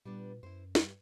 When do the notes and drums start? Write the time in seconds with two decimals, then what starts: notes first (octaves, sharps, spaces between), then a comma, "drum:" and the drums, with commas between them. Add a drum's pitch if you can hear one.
0.05 A#2 G3 B3 D4
0.43 F#2 E4 C5
0.75 G2 G3, drum: snare